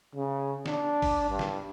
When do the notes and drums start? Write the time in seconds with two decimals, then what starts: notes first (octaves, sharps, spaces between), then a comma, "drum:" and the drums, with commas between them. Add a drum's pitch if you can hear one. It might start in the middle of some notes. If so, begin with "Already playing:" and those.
0.15 C#3
0.66 D4, drum: snare
1.02 drum: kick G#1, open hi-hat
1.29 G2
1.39 drum: snare